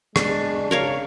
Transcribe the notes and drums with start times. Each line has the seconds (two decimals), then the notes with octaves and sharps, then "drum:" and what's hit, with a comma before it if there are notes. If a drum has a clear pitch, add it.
0.16 G#3 D4, drum: rim click
0.71 C#3 A#4 C#5 F5